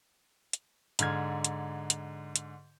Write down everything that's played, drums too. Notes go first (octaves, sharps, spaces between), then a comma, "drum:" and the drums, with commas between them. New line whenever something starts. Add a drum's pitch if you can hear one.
drum: hi-hat
G#2 D3 F6 G#6, drum: hi-hat
drum: hi-hat
drum: hi-hat
drum: hi-hat